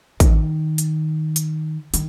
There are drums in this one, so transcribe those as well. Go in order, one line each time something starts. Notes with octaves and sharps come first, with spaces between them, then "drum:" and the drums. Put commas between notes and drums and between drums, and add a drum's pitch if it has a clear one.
D#3, drum: kick, hi-hat
drum: hi-hat
drum: hi-hat
D#3, drum: hi-hat